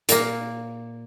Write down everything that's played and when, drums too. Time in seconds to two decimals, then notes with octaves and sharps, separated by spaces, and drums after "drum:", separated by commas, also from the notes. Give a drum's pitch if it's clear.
0.09 A#2 A#3, drum: hi-hat